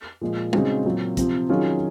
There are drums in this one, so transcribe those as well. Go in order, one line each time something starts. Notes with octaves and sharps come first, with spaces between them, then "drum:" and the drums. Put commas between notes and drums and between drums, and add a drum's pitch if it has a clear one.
A#2 F3 G#3
C#3 G#3 C4 D#4 F#4, drum: tom
A#2 F#3 C4
C3 F3 C4, drum: kick, hi-hat
D#3 F#3 C#4 F4 G#4